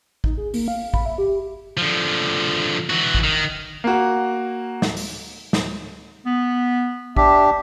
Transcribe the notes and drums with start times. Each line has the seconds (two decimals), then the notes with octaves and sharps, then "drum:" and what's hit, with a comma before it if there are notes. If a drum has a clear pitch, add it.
0.24 D#4, drum: kick
0.37 G#4
0.54 A#3, drum: open hi-hat
0.68 F5
0.94 B5, drum: kick
1.05 E5
1.18 G4
1.77 D3 F3
2.90 E3 F#4
3.15 drum: kick
3.24 D#3
3.84 A#3 F#4
4.82 drum: snare
4.97 drum: open hi-hat
5.53 drum: snare
6.26 B3
7.17 D4 G4 E5, drum: kick